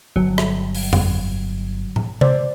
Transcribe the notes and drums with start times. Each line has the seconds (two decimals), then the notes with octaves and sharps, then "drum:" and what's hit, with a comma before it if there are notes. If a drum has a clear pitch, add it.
0.16 G1 F#3
0.38 drum: rim click
0.75 drum: open hi-hat
0.93 drum: tom F2
1.96 drum: tom A2
2.21 C5 D5, drum: tom C3